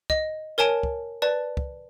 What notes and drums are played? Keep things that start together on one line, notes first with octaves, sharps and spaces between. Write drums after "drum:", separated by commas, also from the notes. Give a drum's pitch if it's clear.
D#5, drum: kick
A#4 C#5 G#5 A5 D7
drum: kick
B4 D5 A5
drum: kick